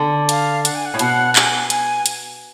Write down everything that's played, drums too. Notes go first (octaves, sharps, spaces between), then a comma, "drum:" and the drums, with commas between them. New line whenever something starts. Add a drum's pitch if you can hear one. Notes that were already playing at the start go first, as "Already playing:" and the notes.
Already playing: D3
F5, drum: hi-hat
F#5, drum: hi-hat
G#5
F#5
A2
B2 F#5, drum: hi-hat
A5, drum: clap
G#5
G#5, drum: hi-hat
drum: hi-hat